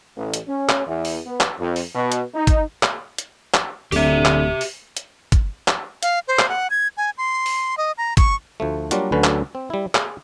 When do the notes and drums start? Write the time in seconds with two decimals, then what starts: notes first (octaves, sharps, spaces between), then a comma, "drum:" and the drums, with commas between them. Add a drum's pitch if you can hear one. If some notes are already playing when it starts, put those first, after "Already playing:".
0.17 A1
0.34 drum: hi-hat
0.48 C#4
0.69 drum: clap
0.87 E2
1.05 drum: open hi-hat
1.26 B3
1.40 drum: clap
1.58 F2
1.76 drum: open hi-hat
1.95 B2
2.12 drum: hi-hat
2.34 D#4
2.47 drum: kick, hi-hat
2.83 drum: clap
3.18 drum: hi-hat
3.54 drum: clap
3.92 D1 D3 C4 G4 E5, drum: open hi-hat
4.25 drum: clap
4.61 drum: open hi-hat
4.97 drum: hi-hat
5.32 drum: kick, hi-hat
5.68 drum: clap
6.03 F5, drum: hi-hat
6.28 C5
6.39 drum: clap
6.49 F#5
6.70 G#6
6.97 G#5
7.18 C6
7.46 drum: open hi-hat
7.78 D#5
7.98 A#5
8.17 C#6, drum: kick, hi-hat
8.60 D2 F3 A3
8.91 F#3 G3 A#3 D4 F4 F#4, drum: hi-hat
9.12 D2 D3 F#3 C#4 B4
9.24 drum: clap
9.55 C4
9.70 G3 E4
9.95 G#4, drum: clap